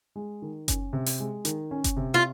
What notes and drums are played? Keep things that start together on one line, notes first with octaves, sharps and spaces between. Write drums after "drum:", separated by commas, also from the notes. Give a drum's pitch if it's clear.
G#3
D#3
C#4, drum: kick F#1, hi-hat
C3
drum: open hi-hat
G#3
D#3, drum: hi-hat
C#4
drum: kick F#1, hi-hat
C3
F4